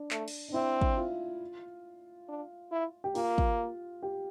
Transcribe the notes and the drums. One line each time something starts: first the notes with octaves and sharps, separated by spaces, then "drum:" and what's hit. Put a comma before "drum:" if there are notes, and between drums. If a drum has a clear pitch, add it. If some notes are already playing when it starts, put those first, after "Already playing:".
Already playing: D4
A3, drum: clap
drum: cymbal
D4
C4 E4
drum: kick
F4
D4
E4
G4
A#3 F4, drum: open hi-hat
drum: kick
G4